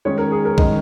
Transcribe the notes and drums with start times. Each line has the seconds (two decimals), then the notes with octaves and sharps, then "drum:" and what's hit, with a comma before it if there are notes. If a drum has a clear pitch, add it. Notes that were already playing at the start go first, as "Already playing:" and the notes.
0.05 D#3 G#3 C#4 C#5
0.18 A#4
0.32 G#4
0.45 A#4
0.58 D#3 G#3 C#4 D#5, drum: kick B1